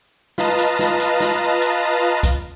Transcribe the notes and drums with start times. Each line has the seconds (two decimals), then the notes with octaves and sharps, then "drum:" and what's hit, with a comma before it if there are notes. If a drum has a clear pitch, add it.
0.38 F4 B4 D#5 F5 A5 A#5, drum: snare
0.59 drum: hi-hat
0.79 drum: snare
1.00 drum: hi-hat
1.20 drum: snare
1.62 drum: hi-hat
2.23 drum: kick, hi-hat